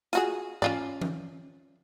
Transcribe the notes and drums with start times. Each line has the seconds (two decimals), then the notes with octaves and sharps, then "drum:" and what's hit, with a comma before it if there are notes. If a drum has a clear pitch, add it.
0.13 F4 F#4 G#4, drum: hi-hat
0.62 C#4 F4 D5, drum: tom G#2
1.01 drum: tom E3